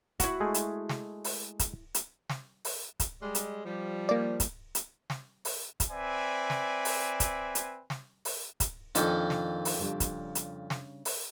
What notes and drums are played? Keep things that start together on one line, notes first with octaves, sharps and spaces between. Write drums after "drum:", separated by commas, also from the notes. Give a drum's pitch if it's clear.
E4 F#4, drum: kick, hi-hat
G#3 A3 G#4
drum: hi-hat
drum: snare
drum: open hi-hat
drum: kick, hi-hat
drum: hi-hat
drum: snare
drum: open hi-hat
drum: kick, hi-hat
G3 G#3
drum: hi-hat
F3 G3
A#3 D5
drum: kick, hi-hat
drum: hi-hat
drum: snare
drum: open hi-hat
drum: kick, hi-hat
C4 B4 D5 E5 G#5
drum: snare
drum: open hi-hat
drum: kick, hi-hat
drum: hi-hat
drum: snare
drum: open hi-hat
drum: kick, hi-hat
F2 A#2 D#3 D4 D#4, drum: hi-hat
drum: snare
drum: open hi-hat
C#3 G3 D4
drum: kick, hi-hat
drum: hi-hat
drum: snare
drum: open hi-hat